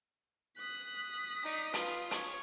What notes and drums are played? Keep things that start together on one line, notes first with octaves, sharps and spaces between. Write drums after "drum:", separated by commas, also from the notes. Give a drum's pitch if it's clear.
D#6 F#6 B6
D#4 D5
F4 B4, drum: hi-hat
C#5, drum: hi-hat